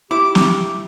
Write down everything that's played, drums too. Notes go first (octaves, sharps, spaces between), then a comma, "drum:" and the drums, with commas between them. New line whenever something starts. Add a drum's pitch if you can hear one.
E4 G4 D6
drum: snare